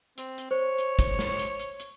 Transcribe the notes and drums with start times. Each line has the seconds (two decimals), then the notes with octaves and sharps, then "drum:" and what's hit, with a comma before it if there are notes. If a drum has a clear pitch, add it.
0.18 C4, drum: hi-hat
0.38 drum: hi-hat
0.51 C5 C#5
0.78 drum: hi-hat
0.99 drum: kick, hi-hat
1.19 drum: snare
1.39 drum: hi-hat
1.59 drum: hi-hat
1.80 drum: hi-hat